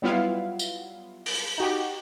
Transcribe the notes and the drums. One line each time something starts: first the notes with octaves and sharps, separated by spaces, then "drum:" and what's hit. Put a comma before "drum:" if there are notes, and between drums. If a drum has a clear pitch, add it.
F#3 G3 B3 E4 F4 F5
drum: tambourine
drum: open hi-hat
D#4 F#4 G4